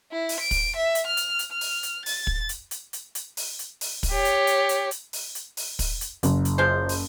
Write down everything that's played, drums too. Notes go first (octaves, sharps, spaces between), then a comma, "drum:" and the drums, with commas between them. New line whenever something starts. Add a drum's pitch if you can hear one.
E4
drum: open hi-hat
D7
drum: kick, open hi-hat
E5
drum: hi-hat
F6
drum: hi-hat
drum: hi-hat
F6
drum: open hi-hat
drum: hi-hat
A6, drum: open hi-hat
drum: kick
drum: hi-hat
drum: hi-hat
drum: hi-hat
drum: hi-hat
drum: open hi-hat
drum: hi-hat
drum: open hi-hat
drum: kick, open hi-hat
G4 C#5
drum: hi-hat
drum: hi-hat
drum: hi-hat
drum: hi-hat
drum: open hi-hat
drum: hi-hat
drum: open hi-hat
drum: kick, open hi-hat
drum: hi-hat
F#1, drum: hi-hat
drum: hi-hat
F3 G#3 C5
drum: open hi-hat